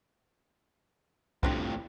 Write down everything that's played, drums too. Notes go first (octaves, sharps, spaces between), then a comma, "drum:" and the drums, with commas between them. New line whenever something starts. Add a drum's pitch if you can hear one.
F2 A2 C4 D4 G4, drum: kick C2